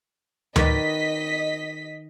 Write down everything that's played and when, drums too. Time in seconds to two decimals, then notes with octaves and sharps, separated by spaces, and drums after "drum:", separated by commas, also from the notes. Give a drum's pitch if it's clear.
0.56 D#3 B4 D5 D#5 B6, drum: tom D2